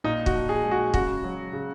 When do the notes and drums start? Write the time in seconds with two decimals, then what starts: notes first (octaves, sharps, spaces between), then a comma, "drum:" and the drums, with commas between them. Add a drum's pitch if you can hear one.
0.04 A#2 D#4
0.26 F#4, drum: kick
0.34 F3
0.49 G#4
0.63 G#3
0.71 F#4
0.94 C#3 F#4, drum: kick
1.24 F#3
1.53 C#3